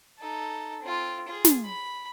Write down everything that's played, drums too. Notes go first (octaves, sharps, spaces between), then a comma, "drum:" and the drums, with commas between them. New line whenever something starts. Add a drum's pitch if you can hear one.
D#4 A4
C4 F4
F4 G#4
drum: snare
B5